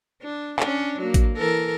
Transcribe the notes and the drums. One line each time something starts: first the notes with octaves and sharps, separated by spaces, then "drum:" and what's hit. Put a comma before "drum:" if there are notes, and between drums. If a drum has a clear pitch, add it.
D4
C#4 D4, drum: clap
F#3 A#3
drum: kick A1, hi-hat
E3 A4 A#4